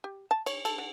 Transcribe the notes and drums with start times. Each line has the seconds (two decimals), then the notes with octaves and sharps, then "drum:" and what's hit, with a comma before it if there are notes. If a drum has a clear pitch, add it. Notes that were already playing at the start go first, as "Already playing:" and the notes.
0.04 G4
0.31 A5
0.46 C#5, drum: cymbal
0.65 A4, drum: cymbal
0.78 D3